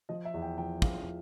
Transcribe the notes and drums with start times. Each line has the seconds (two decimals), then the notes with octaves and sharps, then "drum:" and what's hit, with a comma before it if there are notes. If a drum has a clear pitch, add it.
0.09 F3 D#5
0.25 E5
0.34 E2
0.42 G5
0.58 F3 G5
0.82 E2 F5, drum: kick